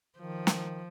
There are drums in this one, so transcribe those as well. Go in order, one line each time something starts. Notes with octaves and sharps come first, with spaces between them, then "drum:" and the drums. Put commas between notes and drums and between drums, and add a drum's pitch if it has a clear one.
D#3 F3
drum: snare